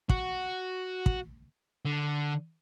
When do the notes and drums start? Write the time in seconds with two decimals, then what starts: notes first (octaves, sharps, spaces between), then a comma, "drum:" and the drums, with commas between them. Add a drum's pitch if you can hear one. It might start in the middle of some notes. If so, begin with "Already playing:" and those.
0.09 F#4, drum: kick
1.06 drum: kick
1.85 D3